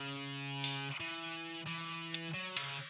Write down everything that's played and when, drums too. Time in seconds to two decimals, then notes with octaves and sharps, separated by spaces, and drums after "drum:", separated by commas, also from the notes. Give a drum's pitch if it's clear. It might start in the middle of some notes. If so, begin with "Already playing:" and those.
Already playing: C#3
0.64 drum: open hi-hat
1.00 E3
1.67 E3
2.14 drum: hi-hat
2.34 F#3
2.57 C#3, drum: cymbal